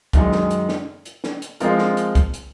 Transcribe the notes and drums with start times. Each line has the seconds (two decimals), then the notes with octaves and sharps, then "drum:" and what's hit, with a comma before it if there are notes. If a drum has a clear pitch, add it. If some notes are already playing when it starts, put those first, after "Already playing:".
0.13 F#2 D#3 G#3 D#4, drum: kick, hi-hat
0.32 drum: snare
0.51 drum: hi-hat
0.69 drum: snare
1.05 drum: hi-hat
1.24 drum: snare
1.42 drum: hi-hat
1.60 F3 G#3 C4 F4 A#4, drum: hi-hat
1.79 drum: snare
1.97 drum: hi-hat
2.15 drum: kick, hi-hat
2.34 drum: hi-hat